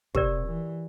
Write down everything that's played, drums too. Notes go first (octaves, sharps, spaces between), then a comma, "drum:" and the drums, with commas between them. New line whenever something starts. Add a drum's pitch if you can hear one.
C3 G4 A#4 D5, drum: kick
E3